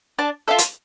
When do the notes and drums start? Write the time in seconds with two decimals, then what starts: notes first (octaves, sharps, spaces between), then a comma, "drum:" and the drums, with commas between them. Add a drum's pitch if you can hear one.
0.19 D4 A5
0.48 F4 A4 E5
0.59 drum: hi-hat